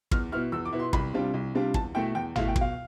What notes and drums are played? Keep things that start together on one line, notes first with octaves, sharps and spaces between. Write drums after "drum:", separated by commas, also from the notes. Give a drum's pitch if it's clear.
E2 F6, drum: kick
B2 B3 E4 F6
E2 E6
D6
B2 B3 E4
C6
C2 B5, drum: kick
C3 G3 D4 F4
C2
C3 G3 D4 F4
E2 A5, drum: kick
B2 A3 E4 G5
E2 G5
B2 A3 E4 F5, drum: tom
G5
B2, drum: kick
F5